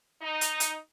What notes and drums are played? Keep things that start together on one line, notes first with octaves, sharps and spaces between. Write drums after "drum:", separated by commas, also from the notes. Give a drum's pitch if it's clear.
D#4
drum: hi-hat
drum: hi-hat